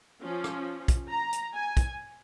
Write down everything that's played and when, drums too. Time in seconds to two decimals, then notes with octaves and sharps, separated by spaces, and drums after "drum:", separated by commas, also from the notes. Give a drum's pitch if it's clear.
0.22 F3 C#4
0.44 drum: rim click
0.88 drum: kick, hi-hat
1.11 A#5
1.33 drum: hi-hat
1.55 G#5
1.77 drum: kick, hi-hat